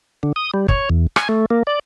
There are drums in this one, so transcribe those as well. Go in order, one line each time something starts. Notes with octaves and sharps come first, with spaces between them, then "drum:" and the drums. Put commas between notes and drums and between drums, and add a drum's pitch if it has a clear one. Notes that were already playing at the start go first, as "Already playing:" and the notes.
D3
D#6
G3
C#5, drum: kick
E2
G#5, drum: rim click
A3
A#3
D5